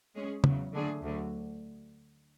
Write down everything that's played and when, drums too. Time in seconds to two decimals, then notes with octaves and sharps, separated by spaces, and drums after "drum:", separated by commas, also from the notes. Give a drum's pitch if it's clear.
0.15 G#3 C#4 G#4
0.44 E2 C#3 F#3, drum: tom C#3
0.74 D3 A3 D4 G#4
1.03 D2 D3 F#3